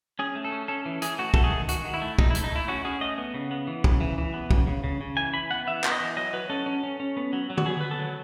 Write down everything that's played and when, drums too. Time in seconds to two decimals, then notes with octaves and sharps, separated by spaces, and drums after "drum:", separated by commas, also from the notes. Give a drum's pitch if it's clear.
0.19 C#4 G#4
0.35 A3
0.44 A4
0.52 C#4
0.68 C#4 A4
0.86 E3
1.02 E3 G#4, drum: hi-hat
1.18 A3 F#4
1.34 A3 A4, drum: kick
1.44 G#4
1.52 D#3
1.69 D#3 F#4, drum: hi-hat
1.85 D#3
1.94 E4
2.02 A3
2.19 A3 D#4, drum: kick
2.30 E4
2.35 A3, drum: hi-hat
2.44 D#4
2.51 A3 E4
2.68 C#4 F#4
2.85 C#4 G#4
3.01 A3 D#5
3.18 B3
3.34 C#3
3.51 B3
3.67 E3
3.84 C#3, drum: kick
4.01 E3
4.18 E3
4.34 B3
4.51 C#3, drum: kick
4.67 C#3
4.84 C#3
5.01 C#3
5.17 E3 G#5
5.34 E3 B5
5.50 B3 F#5
5.67 E3 E5
5.84 B3, drum: clap
5.92 D#5
6.00 E3
6.17 F#3 D#5
6.33 F#3 B4
6.50 C#4 A4
6.66 C#4
6.83 C#4
7.00 C#4
7.17 B3
7.33 F#3
7.50 F#3
7.57 F#4, drum: tom D3
7.66 B3 G#4
7.81 B3 B4
7.91 A4
7.99 F#3